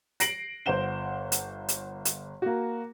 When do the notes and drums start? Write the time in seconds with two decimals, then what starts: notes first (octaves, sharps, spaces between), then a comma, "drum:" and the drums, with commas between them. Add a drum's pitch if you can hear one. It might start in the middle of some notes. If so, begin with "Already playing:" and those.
0.20 A#6 C7 D7 F#7, drum: hi-hat
0.66 G1 C5 F#5 E7 G7
1.32 drum: hi-hat
1.69 drum: hi-hat
2.05 drum: hi-hat
2.42 A#3 F#4